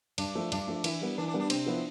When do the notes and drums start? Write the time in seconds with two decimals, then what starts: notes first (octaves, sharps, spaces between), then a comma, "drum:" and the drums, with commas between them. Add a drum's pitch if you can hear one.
0.18 G2 D4, drum: cymbal
0.35 F3 A3
0.52 G2 D4, drum: cymbal
0.67 F3 A3
0.84 E3 E4, drum: cymbal
1.01 G3 B3
1.18 E3 D4
1.28 D4
1.34 G3 B3
1.40 D4
1.50 C3 C4, drum: cymbal
1.66 F3 B3 E4